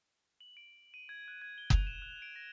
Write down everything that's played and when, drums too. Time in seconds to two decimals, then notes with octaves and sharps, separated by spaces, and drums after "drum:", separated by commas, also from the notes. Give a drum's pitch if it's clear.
0.41 F#7
0.57 D7
0.94 D#7
1.09 G#6
1.28 F#6
1.42 G#6
1.58 G7
1.70 F7, drum: kick F#1
1.87 E7
2.02 F#6
2.22 D7
2.36 A#6